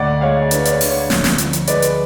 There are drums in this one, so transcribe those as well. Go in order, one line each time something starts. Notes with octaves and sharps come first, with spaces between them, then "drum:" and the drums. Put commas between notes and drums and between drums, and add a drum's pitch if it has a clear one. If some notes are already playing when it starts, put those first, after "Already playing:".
Already playing: D2 D5 F#5
G#3 C#5 F5
D4 B4, drum: hi-hat
D5, drum: hi-hat
C#5
D3, drum: open hi-hat
C#5
D2, drum: snare
drum: snare
F3, drum: hi-hat
drum: hi-hat
G#3 B4 D5, drum: hi-hat
drum: hi-hat